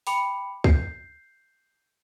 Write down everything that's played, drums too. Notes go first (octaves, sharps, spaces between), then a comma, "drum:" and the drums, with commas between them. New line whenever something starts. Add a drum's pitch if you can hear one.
G5 B5 D6 C#7 F7, drum: open hi-hat
G6 C7, drum: kick